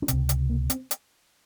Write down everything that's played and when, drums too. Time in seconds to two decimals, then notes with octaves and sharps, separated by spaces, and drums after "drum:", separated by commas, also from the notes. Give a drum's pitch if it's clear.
0.02 C#4
0.08 C#2 C3 C4, drum: hi-hat
0.29 drum: hi-hat
0.50 A#3
0.70 C4, drum: hi-hat
0.91 drum: hi-hat